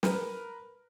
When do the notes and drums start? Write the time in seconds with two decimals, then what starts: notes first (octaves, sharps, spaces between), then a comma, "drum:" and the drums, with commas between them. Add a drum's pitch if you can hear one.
0.03 A#4 B4, drum: snare